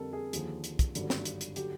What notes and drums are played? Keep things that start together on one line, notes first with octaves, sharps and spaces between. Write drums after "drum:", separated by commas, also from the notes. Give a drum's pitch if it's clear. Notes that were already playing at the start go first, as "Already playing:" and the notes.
Already playing: F2 D3 G3 A4 A#4
G#4
D#2 D3 F3, drum: hi-hat
drum: hi-hat
drum: kick, hi-hat
G#1 G2 D3 F#3, drum: hi-hat
drum: snare
drum: hi-hat
drum: hi-hat
D3 F#3 G4, drum: hi-hat